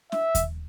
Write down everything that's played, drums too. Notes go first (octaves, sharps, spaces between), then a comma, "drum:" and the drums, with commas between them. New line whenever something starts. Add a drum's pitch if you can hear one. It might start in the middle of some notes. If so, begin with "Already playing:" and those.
E5, drum: snare
drum: kick D#2, hi-hat